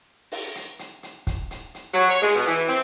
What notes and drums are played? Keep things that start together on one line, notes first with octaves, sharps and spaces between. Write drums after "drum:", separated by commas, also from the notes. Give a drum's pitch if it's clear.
drum: open hi-hat
drum: hi-hat
drum: hi-hat
drum: hi-hat
drum: kick, hi-hat
drum: hi-hat
drum: hi-hat
F#3
C#5
G#3, drum: open hi-hat
B2
E3, drum: hi-hat
C4, drum: hi-hat